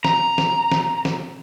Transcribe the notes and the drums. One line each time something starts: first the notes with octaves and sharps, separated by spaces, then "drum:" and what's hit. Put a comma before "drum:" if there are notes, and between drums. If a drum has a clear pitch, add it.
A#5, drum: snare
drum: snare
drum: snare
drum: snare